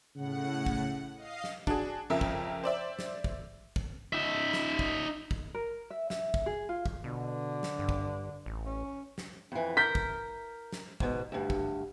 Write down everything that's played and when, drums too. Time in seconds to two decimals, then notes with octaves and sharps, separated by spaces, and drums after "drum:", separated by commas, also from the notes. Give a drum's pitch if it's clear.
0.15 A2 C#3 F#5
0.66 drum: kick
1.16 D#5 F5 C7
1.44 drum: snare
1.67 D4 F#4 G#4, drum: kick
2.10 F2 C#3 F3 A#4 E5
2.21 drum: kick
2.64 C5 D5 E5
2.99 drum: snare
3.24 drum: kick
3.76 drum: kick
4.13 D#4 E5
4.53 drum: snare
4.79 drum: kick
5.31 drum: kick
5.54 A#4
5.90 E5
6.10 E5, drum: snare
6.34 drum: kick
6.46 G#4
6.69 F4
6.86 drum: kick
7.04 B2 D3
7.63 drum: snare
7.79 G2
7.89 drum: kick
8.46 A1
8.66 C#4
9.18 drum: snare
9.52 F2 E3
9.77 A#4 G6 B6
9.95 drum: kick
10.73 drum: snare
11.00 G#2 B2, drum: kick
11.32 D2 G2
11.50 drum: kick